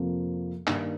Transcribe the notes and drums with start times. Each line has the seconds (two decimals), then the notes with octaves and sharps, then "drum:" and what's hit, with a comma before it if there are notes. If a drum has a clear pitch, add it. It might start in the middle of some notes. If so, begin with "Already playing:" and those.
Already playing: F2 C3 F3 A#3
0.67 G2 D#3 A#3 D4, drum: clap